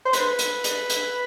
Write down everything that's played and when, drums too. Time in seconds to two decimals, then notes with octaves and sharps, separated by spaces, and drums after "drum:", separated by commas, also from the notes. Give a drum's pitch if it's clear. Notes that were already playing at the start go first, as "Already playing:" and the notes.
0.05 C5
0.13 B4, drum: hi-hat
0.39 drum: hi-hat
0.64 drum: hi-hat
0.90 drum: hi-hat